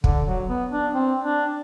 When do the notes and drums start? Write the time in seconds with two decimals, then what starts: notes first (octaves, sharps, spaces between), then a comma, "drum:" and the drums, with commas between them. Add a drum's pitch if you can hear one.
0.04 D3, drum: kick
0.26 F#3
0.49 B3
0.72 D4
0.94 C4
1.24 D4